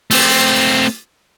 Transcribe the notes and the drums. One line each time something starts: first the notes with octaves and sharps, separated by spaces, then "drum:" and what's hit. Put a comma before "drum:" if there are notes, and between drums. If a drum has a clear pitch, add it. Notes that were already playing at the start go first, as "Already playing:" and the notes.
A3 C4, drum: open hi-hat